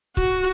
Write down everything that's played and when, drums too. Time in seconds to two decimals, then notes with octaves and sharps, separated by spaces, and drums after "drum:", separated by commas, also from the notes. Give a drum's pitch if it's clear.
0.17 F#4, drum: kick